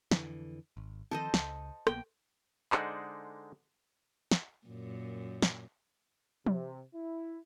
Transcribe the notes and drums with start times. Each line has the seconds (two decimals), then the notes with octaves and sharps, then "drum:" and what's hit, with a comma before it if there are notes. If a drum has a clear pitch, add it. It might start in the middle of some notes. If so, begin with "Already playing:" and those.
0.11 F2 D3 E3, drum: snare
0.77 G#1
1.11 D#3 F3 C4 A4 C5 D#5
1.34 C#2, drum: snare
1.87 A#1 A#3 B3 G5, drum: rim click
2.72 D3 G#3 D#4 C5 D5 F#5, drum: clap
4.31 drum: snare
4.66 F#2 A#2
5.42 drum: snare
6.46 C3, drum: tom
6.93 E4